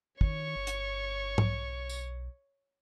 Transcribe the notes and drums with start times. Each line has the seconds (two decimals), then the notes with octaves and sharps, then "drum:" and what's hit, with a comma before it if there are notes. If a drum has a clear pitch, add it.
0.21 D#3 C#5 C#6, drum: kick
0.56 G1
0.67 drum: hi-hat
1.38 B1, drum: tom G#2
1.90 drum: tambourine